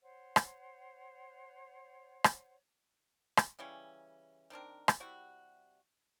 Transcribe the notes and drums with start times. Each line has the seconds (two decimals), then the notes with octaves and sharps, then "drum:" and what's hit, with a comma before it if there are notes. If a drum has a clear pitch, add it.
0.01 C5 C#5 F#5
0.36 drum: rim click
2.24 drum: rim click
3.37 drum: rim click
3.59 C#3 E3 G3 C#4
4.50 D#3 C4 D4 A#4
4.88 drum: rim click
5.00 C3 G3 E4 F#4